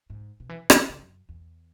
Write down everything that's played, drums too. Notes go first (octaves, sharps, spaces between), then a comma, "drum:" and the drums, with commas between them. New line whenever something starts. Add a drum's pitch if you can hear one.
G#2
B2
E3
C#3, drum: rim click
B2
C#3
F#2
E2